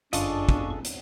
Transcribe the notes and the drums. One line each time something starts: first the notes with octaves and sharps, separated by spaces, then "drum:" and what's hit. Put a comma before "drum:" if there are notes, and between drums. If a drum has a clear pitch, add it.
G1 F#2 D4 F4 G#4 A4 D#5 C#6, drum: hi-hat
drum: kick
drum: hi-hat